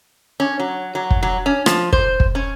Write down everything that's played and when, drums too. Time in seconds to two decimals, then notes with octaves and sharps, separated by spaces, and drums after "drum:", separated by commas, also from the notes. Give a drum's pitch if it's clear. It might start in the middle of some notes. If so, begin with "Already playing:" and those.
0.40 C#4
0.60 F#3
0.95 F#3
1.11 drum: kick
1.23 F#3
1.46 C#4
1.66 F3, drum: rim click
1.93 C5, drum: kick
2.20 drum: kick
2.35 C#4